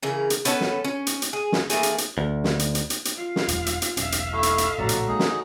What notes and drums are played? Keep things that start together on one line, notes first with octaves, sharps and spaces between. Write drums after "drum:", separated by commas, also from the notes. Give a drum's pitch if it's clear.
C#3 E3 A#4
drum: hi-hat
B3 C#4 A4 B4, drum: hi-hat
drum: snare
C#4
drum: hi-hat
drum: hi-hat
G#4
drum: snare
E3 A3 A#3 G#4, drum: hi-hat
drum: hi-hat
drum: hi-hat
D2
drum: snare
drum: hi-hat
drum: hi-hat
drum: hi-hat
drum: hi-hat
F4 F5
drum: snare
E1 G3, drum: hi-hat
drum: hi-hat
drum: hi-hat
E1 B1 C#4 E5 F5, drum: hi-hat
drum: hi-hat
A3 E4 A4
drum: hi-hat
drum: hi-hat
A#1 A2 C#3 F#4 C#5 D5 F#5 A#5
drum: hi-hat
G#3 A#3 D#4 G#4
drum: snare